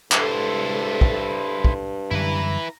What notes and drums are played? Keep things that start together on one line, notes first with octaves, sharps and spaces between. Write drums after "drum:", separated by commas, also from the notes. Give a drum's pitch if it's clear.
G2 G#3 E4 A4 C5, drum: clap
drum: kick
drum: kick
F#2 D3 G3 E4 B4 A#5